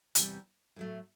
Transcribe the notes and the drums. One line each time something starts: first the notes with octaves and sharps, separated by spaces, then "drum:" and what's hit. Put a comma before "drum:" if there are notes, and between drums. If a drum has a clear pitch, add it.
E2 C3 E3 G3, drum: hi-hat
A2 F#3 A3